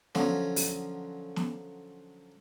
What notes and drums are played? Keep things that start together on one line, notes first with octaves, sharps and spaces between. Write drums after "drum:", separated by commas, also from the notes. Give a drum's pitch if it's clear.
D3 F3 F#3 C#4, drum: snare
drum: open hi-hat
drum: snare